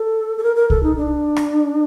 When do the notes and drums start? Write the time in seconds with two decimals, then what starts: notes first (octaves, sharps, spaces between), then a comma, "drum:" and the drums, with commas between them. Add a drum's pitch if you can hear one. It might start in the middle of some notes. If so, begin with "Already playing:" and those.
Already playing: A4
0.38 A4
0.43 A#4
0.56 A#4
0.70 A4, drum: kick C2
0.83 D#4
0.97 D4
1.36 drum: rim click